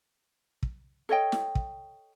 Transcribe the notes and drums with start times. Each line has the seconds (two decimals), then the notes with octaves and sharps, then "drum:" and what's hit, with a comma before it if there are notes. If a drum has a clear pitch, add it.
0.63 drum: kick
1.09 A4 C#5 D#5 G5
1.32 drum: snare
1.55 drum: kick